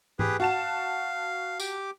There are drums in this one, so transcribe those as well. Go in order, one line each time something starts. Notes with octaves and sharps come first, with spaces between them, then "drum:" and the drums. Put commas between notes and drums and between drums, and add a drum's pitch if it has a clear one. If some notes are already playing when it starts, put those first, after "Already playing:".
G4 G#4 B4, drum: tom G#2
F#4 F5 A5 E7
G4 D6, drum: tambourine